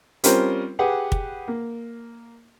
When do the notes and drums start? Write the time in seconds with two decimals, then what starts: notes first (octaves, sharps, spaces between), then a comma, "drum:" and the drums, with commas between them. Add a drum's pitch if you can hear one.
0.24 G3 C4 C#4 F4 A#4 C5, drum: hi-hat
0.79 G4 G#4 B4 F#5
1.12 drum: kick
1.48 A#3